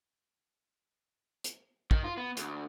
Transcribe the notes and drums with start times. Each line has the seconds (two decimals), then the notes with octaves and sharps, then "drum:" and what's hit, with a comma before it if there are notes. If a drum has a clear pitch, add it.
1.44 drum: hi-hat
1.91 D#3, drum: kick
2.04 F4
2.17 B3
2.37 D2, drum: hi-hat